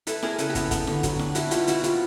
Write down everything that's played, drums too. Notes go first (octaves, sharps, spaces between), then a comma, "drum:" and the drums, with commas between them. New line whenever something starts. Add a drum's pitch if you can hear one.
E4 A4 B4, drum: hi-hat
E4 G#4 A#4, drum: snare E4
C#3 A4 B4, drum: hi-hat
G4 A4
B3, drum: kick, hi-hat
B3, drum: kick, hi-hat
D3, drum: snare E4
F#3, drum: kick, hi-hat
D4, drum: snare E4
G3 E4 F#4, drum: hi-hat
B2 F4 G4, drum: hi-hat
C4 E4 F#4, drum: hi-hat
G3 F4, drum: hi-hat